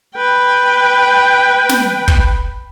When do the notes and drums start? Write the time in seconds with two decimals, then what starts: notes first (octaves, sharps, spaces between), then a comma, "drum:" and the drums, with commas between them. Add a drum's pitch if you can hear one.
0.16 B4 G5
1.69 drum: snare
2.08 drum: kick